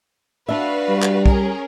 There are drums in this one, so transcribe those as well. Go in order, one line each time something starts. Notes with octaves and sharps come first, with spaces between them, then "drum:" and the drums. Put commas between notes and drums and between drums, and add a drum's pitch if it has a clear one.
D4 F#4 B4 E5 F5
G3
drum: clap
C#4 G#4 A#4, drum: kick